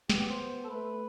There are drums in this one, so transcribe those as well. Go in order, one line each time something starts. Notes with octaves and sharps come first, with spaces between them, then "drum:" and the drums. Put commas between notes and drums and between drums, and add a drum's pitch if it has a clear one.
B3 G4, drum: snare
G4
C5
A4
A3 B4